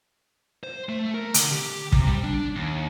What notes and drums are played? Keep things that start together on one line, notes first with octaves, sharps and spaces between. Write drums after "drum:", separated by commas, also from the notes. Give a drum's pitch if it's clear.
C5
A3
A#4
D3, drum: hi-hat
G4
C3, drum: kick
G3
D4
D#2